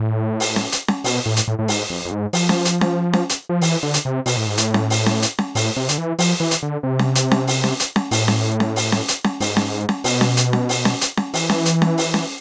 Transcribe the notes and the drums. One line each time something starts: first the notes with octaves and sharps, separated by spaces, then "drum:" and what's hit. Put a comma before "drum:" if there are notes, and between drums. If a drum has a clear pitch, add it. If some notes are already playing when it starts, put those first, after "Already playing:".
Already playing: A2
drum: open hi-hat
drum: snare C#4
drum: hi-hat
drum: snare C#4
B2, drum: open hi-hat
A2
drum: hi-hat
A2
A2
G#2, drum: open hi-hat
F2
F2
G#2
F3, drum: open hi-hat
drum: snare C#4
drum: hi-hat
drum: snare C#4
drum: snare C#4
drum: hi-hat
F3
E3, drum: open hi-hat
D3
drum: hi-hat
C3
B2, drum: open hi-hat
A2
G#2
A2, drum: hi-hat
drum: snare C#4
drum: open hi-hat
drum: snare C#4
drum: hi-hat
drum: snare C#4
A2, drum: open hi-hat
C3
D3, drum: hi-hat
E3
F3, drum: open hi-hat
E3
drum: hi-hat
D3
C3
drum: snare C#4
drum: hi-hat
drum: snare C#4
drum: open hi-hat
drum: snare C#4
drum: hi-hat
drum: snare C#4
A2, drum: open hi-hat
drum: snare C#4
drum: snare C#4
drum: open hi-hat
drum: snare C#4
drum: hi-hat
drum: snare C#4
G#2, drum: open hi-hat
drum: snare C#4
drum: snare C#4
B2, drum: open hi-hat
drum: snare C#4
drum: hi-hat
drum: snare C#4
drum: open hi-hat
drum: snare C#4
drum: hi-hat
drum: snare C#4
E3, drum: open hi-hat
drum: snare C#4
drum: hi-hat
drum: snare C#4
drum: open hi-hat
drum: snare C#4